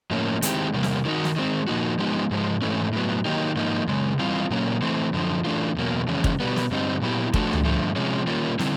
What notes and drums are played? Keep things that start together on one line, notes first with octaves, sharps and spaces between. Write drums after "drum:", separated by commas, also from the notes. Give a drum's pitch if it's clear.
A2 F3 A#3 C#4
D#3 G#3 C4 E4 G4, drum: hi-hat
E2 C3 G3 A#3
drum: snare
D#3 F#3 A#3 D#4 F#4
drum: snare
D#3 G#3 C4
A#2 F3 A#3 D#4 F#4
F3 G#3 B3 D#4 G4
G#2 F3 G#3
G#2 E3 A3 C#4 E4
A2 F#3 B3
D#3 F#3 A#3 D#4 G4
G#2 F3 A#3 D#4
F#2 C#3 G#3
E3 G3 C4 F4
A#2 F#3 A#3 C#4
E3 A3 C4
F#2 D3 F3
E3 A3 D4 F4
E2 B2 F#3 A#3
F2 C#3 E3 G#3 C#4
drum: kick
B2 G3 B3
drum: snare
G2 D3 G3 C4 D#4
A#2 F#3 B3 E4 G4
F3 A3 D4 F#4, drum: kick
drum: tom C#2
G2 D3 F3 A3
C3 F3 G#3 C#4
D#3 G3 A#3 C#4 F4
D3 G3 C4 E4, drum: snare